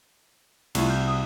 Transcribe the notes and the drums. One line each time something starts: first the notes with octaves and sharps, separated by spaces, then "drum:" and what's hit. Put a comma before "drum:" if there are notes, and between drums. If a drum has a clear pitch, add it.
C2 A3 E4 F4, drum: cymbal
F6 G6
D#6